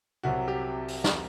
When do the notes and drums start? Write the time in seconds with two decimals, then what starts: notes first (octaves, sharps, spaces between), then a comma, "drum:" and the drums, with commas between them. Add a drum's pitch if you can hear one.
0.23 C2 C3 F#3 F#4
0.48 G4
0.88 drum: open hi-hat
1.04 drum: snare